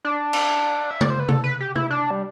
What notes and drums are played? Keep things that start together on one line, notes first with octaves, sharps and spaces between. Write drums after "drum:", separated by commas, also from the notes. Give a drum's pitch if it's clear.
D4
drum: cymbal
E5
D5, drum: tom
C5
B4
A4, drum: tom C3
B4
G4
E4, drum: tom C3
D4
G3